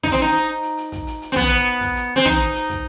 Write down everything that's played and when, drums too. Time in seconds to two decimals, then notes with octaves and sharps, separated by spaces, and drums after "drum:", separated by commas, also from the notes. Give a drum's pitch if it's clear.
0.03 D#4, drum: kick, hi-hat
0.12 C4
0.22 D#4
0.33 drum: hi-hat
0.63 drum: hi-hat
0.77 drum: hi-hat
0.92 drum: kick, hi-hat
1.07 drum: hi-hat
1.22 drum: hi-hat
1.32 C4
1.36 B3, drum: tom
1.51 drum: hi-hat
1.81 drum: kick, hi-hat
1.96 drum: hi-hat
2.16 C4
2.25 D#4, drum: tom
2.40 drum: hi-hat
2.55 drum: hi-hat
2.70 drum: kick, hi-hat